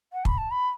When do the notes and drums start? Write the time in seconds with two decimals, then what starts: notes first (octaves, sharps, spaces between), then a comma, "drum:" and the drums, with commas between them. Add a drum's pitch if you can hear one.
0.13 F#5
0.25 B5, drum: kick
0.38 A5
0.51 B5